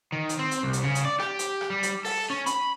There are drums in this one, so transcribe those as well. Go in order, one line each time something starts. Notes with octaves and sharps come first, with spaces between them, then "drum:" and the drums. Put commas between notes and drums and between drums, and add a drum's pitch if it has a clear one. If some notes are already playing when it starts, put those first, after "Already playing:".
D#3
drum: hi-hat
C4
drum: hi-hat
C2
drum: hi-hat
C#3
drum: hi-hat
D5
G4, drum: rim click
drum: hi-hat
drum: rim click
G3
drum: hi-hat
A4, drum: open hi-hat
C#4
B5, drum: hi-hat